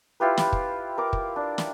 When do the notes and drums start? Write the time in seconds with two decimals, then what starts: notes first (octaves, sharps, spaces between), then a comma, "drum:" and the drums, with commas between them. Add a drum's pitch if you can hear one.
0.20 E4 F4 G4 B4
0.37 drum: snare
0.53 drum: kick
0.98 A#4 D6
1.13 drum: kick
1.36 D4
1.58 drum: snare